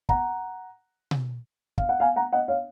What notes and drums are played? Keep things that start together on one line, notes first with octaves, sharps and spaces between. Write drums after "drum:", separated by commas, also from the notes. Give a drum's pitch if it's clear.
F#5 A#5, drum: kick
drum: tom B2
F5, drum: kick
F#5
F5 G#5
F#5 A#5
D#5 F#5
C#5 F5